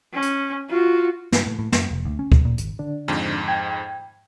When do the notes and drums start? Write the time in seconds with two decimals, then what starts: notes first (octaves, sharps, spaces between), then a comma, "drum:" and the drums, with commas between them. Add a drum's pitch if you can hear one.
0.13 C#4
0.22 drum: hi-hat
0.70 F4 F#4
1.32 G2, drum: snare
1.46 A2
1.59 A2
1.72 F#2, drum: snare
1.91 F1
2.05 D2
2.19 C#4
2.32 B2, drum: kick D2
2.45 A#2
2.58 G#1, drum: hi-hat
2.79 D3 D4
3.08 F2 G#2
3.48 G5 G#6